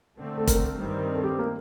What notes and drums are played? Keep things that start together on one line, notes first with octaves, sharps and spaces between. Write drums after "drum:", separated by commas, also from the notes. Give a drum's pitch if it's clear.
D3 A3 C4
A4
A#4, drum: kick, hi-hat
G2 D#3 G3 C4
A4
G4
A#3